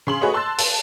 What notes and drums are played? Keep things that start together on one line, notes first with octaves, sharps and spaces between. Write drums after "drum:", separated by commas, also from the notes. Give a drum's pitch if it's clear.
C#3 C6 F#7
A3 F#4 G#4 B4 C#5 D#5
A5 C6 E6 F#6 A6
A5, drum: open hi-hat